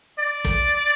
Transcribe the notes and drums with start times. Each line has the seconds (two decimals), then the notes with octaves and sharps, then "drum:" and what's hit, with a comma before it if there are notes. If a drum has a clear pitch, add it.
0.19 D5
0.45 drum: kick, hi-hat